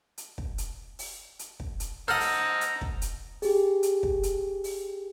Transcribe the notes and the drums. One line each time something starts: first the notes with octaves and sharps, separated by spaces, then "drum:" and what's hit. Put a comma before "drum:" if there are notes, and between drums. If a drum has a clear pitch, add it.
drum: hi-hat
drum: kick
drum: hi-hat
drum: open hi-hat
drum: hi-hat
drum: kick
drum: hi-hat
A4 C5 D#5 F#5 A#5 F6
drum: open hi-hat
drum: hi-hat
drum: kick
drum: hi-hat
G4 G#4, drum: open hi-hat
drum: hi-hat
drum: kick
drum: hi-hat
drum: open hi-hat